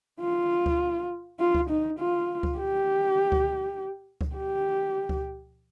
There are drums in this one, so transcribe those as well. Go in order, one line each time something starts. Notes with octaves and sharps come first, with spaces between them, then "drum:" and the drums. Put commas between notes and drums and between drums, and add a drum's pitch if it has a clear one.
F4
drum: kick C#2
F4
drum: kick C#2
D#4
F4
drum: kick C#2
G4
drum: kick C#2
drum: kick C#2
G4
drum: kick C#2